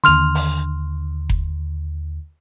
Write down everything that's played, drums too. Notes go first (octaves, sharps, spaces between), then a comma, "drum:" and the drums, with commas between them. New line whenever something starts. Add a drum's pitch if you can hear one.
D#2 D3 C6 F6 F7
drum: open hi-hat
drum: kick F1